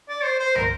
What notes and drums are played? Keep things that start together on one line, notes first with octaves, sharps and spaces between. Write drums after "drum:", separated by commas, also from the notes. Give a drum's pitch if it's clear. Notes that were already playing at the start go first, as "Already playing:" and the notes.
D5
C5
C5
A#4, drum: tom